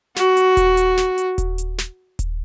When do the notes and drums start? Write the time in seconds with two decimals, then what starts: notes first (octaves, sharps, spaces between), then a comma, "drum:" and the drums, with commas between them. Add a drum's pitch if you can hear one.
0.16 F#4, drum: snare
0.37 drum: hi-hat
0.57 drum: kick D#1, hi-hat
0.77 drum: hi-hat
0.97 drum: snare
1.18 drum: hi-hat
1.38 drum: kick D#1, hi-hat
1.58 drum: hi-hat
1.78 drum: snare
2.19 drum: kick D#1, hi-hat